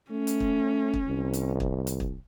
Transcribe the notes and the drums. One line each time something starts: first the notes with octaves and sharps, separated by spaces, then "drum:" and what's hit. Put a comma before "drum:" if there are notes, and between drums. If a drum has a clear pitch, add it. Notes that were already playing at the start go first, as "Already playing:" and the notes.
A3 C#4
drum: hi-hat
drum: kick
drum: kick
C2
drum: hi-hat
drum: kick
drum: hi-hat
drum: kick